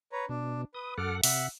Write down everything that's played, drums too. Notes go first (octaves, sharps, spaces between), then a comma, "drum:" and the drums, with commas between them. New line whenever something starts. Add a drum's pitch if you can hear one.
B4 C#5 A#5
B2 D4
B4 D#6
F#2 A4 F#5 D6 F6
C3 E5 F#5, drum: open hi-hat